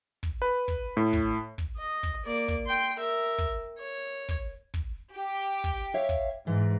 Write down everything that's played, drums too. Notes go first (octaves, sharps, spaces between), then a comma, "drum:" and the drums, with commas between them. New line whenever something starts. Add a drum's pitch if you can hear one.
drum: kick
B4
drum: kick
A2
drum: kick
drum: kick
D#5
drum: kick
A#3 D5
drum: kick
G5 C6
A#4 E5
drum: kick
C#5
drum: kick
drum: kick
G4
drum: kick
C#5 E5 F5
drum: kick
G#2 E3